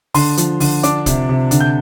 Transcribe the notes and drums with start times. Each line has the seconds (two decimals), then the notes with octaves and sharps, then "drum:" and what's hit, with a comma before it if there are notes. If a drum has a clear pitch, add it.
0.14 D3 C6, drum: open hi-hat
0.37 F3, drum: hi-hat
0.60 D3, drum: open hi-hat
0.83 D4 D6, drum: hi-hat
1.06 C3, drum: kick, hi-hat
1.29 C3
1.51 D3, drum: hi-hat
1.61 G6